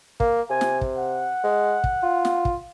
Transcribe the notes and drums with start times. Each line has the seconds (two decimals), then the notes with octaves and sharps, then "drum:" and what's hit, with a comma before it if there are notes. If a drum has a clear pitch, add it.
0.20 A#3, drum: kick
0.50 C3 G#5
0.61 drum: snare
0.81 drum: kick
0.97 F#5
1.44 G#3
1.84 drum: kick
2.03 F4
2.25 drum: snare
2.45 drum: kick